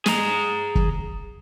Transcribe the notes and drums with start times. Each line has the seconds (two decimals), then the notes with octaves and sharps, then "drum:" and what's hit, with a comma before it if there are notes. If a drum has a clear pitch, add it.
0.06 G#4 A#5, drum: snare
0.75 drum: kick